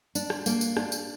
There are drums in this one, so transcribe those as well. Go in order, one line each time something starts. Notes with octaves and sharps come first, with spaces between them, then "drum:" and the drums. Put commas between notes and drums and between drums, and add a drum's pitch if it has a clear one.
D4, drum: tambourine
drum: rim click
A#3, drum: tambourine
drum: tambourine
D4, drum: rim click
drum: tambourine